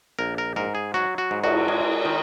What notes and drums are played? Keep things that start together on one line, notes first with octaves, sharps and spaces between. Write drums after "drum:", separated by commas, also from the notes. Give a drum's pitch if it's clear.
A#1 A#4
A#4
G#2 A#4
G#4
F#3 F#4
F#4
G#2
F#4, drum: cymbal
G#3
D#3